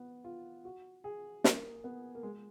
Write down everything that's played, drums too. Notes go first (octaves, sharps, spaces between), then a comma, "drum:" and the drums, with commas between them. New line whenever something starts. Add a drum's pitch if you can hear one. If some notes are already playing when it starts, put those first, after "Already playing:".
Already playing: B3
F4
F#4
G#4
A#3, drum: snare
B3
A#3
G#3